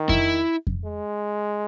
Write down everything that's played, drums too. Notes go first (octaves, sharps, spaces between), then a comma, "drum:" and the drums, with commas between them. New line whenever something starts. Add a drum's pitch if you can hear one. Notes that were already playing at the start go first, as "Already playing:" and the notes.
Already playing: D#3
E4, drum: kick F2
drum: kick F2
G#3